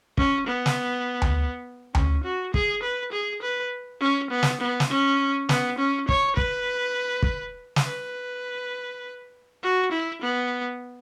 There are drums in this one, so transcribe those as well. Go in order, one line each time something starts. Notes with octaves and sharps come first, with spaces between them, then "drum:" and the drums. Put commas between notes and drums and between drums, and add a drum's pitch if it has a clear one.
C#4, drum: kick
B3
drum: snare
drum: tom D2
C#4, drum: tom D2
F#4
G#4, drum: kick
B4
G#4
B4
C#4
B3
drum: snare
B3
drum: snare
C#4
B3, drum: snare
C#4
C#5, drum: kick
B4, drum: kick
drum: kick
drum: snare
B4
F#4
E4
B3